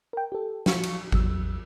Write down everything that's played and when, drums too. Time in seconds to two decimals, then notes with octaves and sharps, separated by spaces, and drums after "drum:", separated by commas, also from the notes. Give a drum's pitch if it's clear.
0.13 A#4 G5
0.32 G4 A4
0.66 F3 F#4 F5 C#6 C#7, drum: snare
0.83 drum: cymbal
1.12 A1 E2 F#3 E6, drum: kick G#1